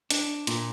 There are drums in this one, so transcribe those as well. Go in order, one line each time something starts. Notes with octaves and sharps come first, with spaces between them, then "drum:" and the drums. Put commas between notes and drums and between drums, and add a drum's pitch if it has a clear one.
D4, drum: hi-hat
A#2, drum: hi-hat